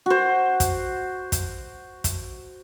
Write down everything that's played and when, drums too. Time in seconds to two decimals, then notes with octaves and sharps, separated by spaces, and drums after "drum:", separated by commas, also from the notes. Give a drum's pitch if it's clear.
0.06 F#4 C5
0.60 drum: kick, hi-hat
1.32 drum: kick, hi-hat
2.04 drum: kick, hi-hat